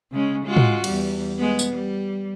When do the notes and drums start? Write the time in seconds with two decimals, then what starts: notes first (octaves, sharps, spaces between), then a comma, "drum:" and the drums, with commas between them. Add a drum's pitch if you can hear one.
0.12 C#3 G#3 C#4
0.45 G#3 F4 F#4
0.57 drum: tom
0.84 E2 G3, drum: cymbal
1.38 G#3 B3
1.59 drum: tambourine
1.73 G3